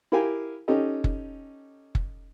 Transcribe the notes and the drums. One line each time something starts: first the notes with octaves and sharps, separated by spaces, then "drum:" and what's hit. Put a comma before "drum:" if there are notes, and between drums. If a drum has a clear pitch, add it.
E4 G4 A#4 F5 G5 G#5
C#4 D#4 G4 A4 D#5
drum: kick F#1
drum: kick F#1